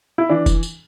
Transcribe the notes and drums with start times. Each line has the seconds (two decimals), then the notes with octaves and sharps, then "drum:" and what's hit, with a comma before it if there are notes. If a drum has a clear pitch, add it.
0.18 E4
0.29 E3 D4
0.46 drum: kick E1, tambourine
0.63 drum: tambourine